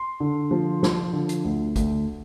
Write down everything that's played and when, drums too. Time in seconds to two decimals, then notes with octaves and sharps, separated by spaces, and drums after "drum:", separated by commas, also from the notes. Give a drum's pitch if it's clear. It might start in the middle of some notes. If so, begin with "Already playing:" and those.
Already playing: C6
0.20 D3
0.51 F3
0.83 F3, drum: snare
1.13 D3
1.29 drum: hi-hat
1.44 D2
1.76 D2, drum: kick G#1, hi-hat